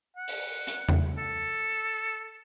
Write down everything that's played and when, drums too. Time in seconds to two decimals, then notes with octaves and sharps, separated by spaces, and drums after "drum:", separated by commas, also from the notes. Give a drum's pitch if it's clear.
0.17 F#5
0.28 drum: open hi-hat
0.67 drum: hi-hat
0.89 drum: tom E2
1.17 A4